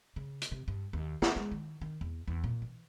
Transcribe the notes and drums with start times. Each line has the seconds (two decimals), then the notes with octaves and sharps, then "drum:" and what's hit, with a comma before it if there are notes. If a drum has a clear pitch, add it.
0.16 C#3
0.41 drum: hi-hat
0.52 C3
0.68 G2
0.93 D#2
1.22 D4, drum: snare
1.36 G#3
1.52 D#3
1.81 D#3
2.01 E2
2.28 E2
2.44 A#2
2.62 E3